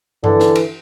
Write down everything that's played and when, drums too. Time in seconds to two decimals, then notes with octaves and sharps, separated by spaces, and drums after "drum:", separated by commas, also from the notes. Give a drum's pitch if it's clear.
0.24 D3 E3, drum: tom G2
0.40 drum: snare
0.55 drum: cymbal